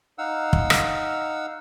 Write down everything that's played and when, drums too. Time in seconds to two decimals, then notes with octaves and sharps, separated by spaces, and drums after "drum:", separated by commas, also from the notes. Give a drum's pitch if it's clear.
0.18 D#4 F5 F#5 E6
0.53 drum: kick
0.70 drum: rim click